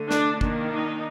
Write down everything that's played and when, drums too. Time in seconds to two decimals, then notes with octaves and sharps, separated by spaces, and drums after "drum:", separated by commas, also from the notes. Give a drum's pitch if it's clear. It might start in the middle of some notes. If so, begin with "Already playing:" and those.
Already playing: D3 A3
0.11 D4, drum: snare
0.41 D#3 A#3 D4, drum: kick
0.70 D#4